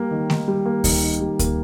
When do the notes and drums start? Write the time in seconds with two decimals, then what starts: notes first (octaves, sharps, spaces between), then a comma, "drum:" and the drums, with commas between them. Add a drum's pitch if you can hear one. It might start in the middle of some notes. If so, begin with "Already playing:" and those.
Already playing: G3 A#3
0.11 D#3
0.30 D#4, drum: snare A3
0.48 G3
0.66 A#3
0.84 D#3, drum: kick D2, open hi-hat
1.03 D#4
1.21 G3
1.39 A#3, drum: kick D2, hi-hat